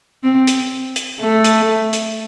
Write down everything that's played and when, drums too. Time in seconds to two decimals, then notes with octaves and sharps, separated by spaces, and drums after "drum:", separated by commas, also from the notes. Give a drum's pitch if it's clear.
0.24 C4
0.47 drum: hi-hat
0.96 drum: hi-hat
1.20 A3
1.44 drum: hi-hat
1.93 drum: hi-hat